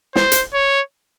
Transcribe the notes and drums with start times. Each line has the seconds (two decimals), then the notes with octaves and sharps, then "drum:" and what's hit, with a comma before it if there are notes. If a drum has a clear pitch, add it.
0.16 C5, drum: snare
0.32 drum: hi-hat
0.54 C#5